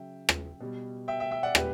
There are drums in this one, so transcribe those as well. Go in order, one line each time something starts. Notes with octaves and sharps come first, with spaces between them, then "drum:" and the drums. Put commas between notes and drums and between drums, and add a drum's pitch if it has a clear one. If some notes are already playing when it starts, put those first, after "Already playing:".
Already playing: C#3 F#3 E5 G5
drum: rim click
B2 G3
E5 G5
E5 G5
E5 G5
D5 F#5
A#2 G3 G4 B4, drum: rim click